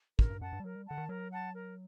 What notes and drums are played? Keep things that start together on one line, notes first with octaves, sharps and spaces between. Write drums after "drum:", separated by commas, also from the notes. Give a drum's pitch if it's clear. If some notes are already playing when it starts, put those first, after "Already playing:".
A#4, drum: kick
G2
F#2 F#5 A5
G2
G3
F#3 A#4
G3
D3 F#5 A5
D#3
F#3 A#4
F#5 A5
A#4